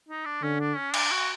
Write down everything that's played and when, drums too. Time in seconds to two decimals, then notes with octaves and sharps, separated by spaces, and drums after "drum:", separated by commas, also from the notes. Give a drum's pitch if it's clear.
0.09 D#4
0.25 D4
0.42 D3 C#4
0.60 D4
0.77 C#4
0.94 D4, drum: cymbal
1.11 F#4